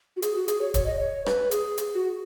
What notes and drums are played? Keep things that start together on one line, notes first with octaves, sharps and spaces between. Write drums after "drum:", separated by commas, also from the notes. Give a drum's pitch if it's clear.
F#4
G#4, drum: hi-hat
F#4
G#4, drum: hi-hat
C#5
C#5, drum: kick, hi-hat
D#5
C#5
B4, drum: rim click
G#4, drum: hi-hat
drum: hi-hat
F#4